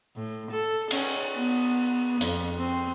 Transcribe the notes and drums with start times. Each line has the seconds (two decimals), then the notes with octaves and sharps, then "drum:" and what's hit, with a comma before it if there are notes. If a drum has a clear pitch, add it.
0.16 A2
0.51 A4
0.91 C#4, drum: cymbal
1.37 B3
2.21 F2, drum: hi-hat
2.58 C4